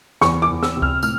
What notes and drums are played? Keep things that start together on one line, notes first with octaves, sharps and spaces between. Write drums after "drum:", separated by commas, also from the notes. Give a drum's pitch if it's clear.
E2 C#6, drum: snare
D6
E2
E6, drum: snare
C3
F6, drum: kick C#2
A2 F6, drum: tambourine